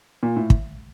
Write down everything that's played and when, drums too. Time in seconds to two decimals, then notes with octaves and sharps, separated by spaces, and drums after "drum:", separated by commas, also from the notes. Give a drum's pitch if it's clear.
0.23 A#2
0.36 A2
0.50 drum: kick